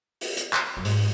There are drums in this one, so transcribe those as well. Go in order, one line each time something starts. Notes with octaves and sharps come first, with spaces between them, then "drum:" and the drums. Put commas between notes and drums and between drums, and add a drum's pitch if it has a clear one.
drum: open hi-hat
drum: hi-hat
drum: clap
F#2
G#2, drum: open hi-hat